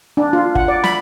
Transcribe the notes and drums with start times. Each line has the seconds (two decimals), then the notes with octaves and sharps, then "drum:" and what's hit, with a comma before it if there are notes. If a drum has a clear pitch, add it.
0.17 D4
0.33 F4
0.55 F#5, drum: kick
0.68 D5
0.84 B5, drum: snare